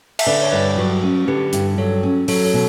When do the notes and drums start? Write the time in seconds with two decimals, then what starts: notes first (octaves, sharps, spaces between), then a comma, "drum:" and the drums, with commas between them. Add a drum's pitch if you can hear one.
0.19 E5, drum: cymbal
0.26 D3 B4 D5
0.41 C#5
0.52 G2 B4 D5
0.78 F#3
1.03 C#4
1.28 D3 G4 B4
1.53 G2, drum: hi-hat
1.78 F#3 A4 C#5
2.03 C#4
2.28 F#3 A4 C#5, drum: open hi-hat
2.45 A4 C#5
2.54 B2